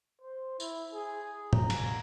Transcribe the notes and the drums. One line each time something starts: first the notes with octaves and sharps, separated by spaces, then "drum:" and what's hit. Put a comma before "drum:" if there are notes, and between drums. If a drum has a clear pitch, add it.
C5
E4, drum: tambourine
G#4
A#5, drum: tom
drum: cymbal